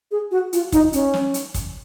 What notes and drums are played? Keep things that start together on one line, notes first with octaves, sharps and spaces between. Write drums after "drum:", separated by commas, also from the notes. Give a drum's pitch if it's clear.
G#4
F#4
F4, drum: hi-hat
D#4, drum: kick, hi-hat
C#4, drum: hi-hat
drum: snare
drum: hi-hat
drum: kick, hi-hat